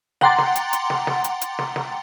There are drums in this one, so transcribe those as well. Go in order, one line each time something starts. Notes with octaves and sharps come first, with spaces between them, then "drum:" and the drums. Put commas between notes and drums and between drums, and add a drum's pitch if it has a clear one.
F#5 G5 A#5 C6 D6 A6, drum: snare
drum: snare
drum: hi-hat
drum: hi-hat
drum: snare
drum: snare
drum: hi-hat
drum: hi-hat
drum: snare
drum: snare